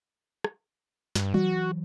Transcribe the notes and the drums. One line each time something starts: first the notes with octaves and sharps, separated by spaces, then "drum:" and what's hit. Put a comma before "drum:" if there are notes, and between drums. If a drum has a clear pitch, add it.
drum: rim click
G2, drum: snare
E3 F#3 F#4, drum: tom F#3